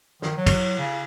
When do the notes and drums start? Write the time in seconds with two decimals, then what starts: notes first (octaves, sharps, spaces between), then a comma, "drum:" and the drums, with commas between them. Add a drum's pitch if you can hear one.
0.22 D#3, drum: snare
0.37 F#3
0.46 drum: kick, cymbal
0.79 C#3